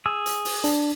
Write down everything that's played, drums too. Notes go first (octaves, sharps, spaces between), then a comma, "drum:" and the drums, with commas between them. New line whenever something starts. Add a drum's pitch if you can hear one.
G#4 E6
drum: hi-hat
drum: open hi-hat
D4, drum: hi-hat